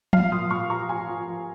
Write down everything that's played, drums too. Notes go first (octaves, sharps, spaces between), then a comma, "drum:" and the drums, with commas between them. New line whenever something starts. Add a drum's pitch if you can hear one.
F3 F5, drum: tom F3
A#2 C6 D#6
A#2 C#6 F6
F3 A#5 C#6
F3 G#5 C6
F3
F3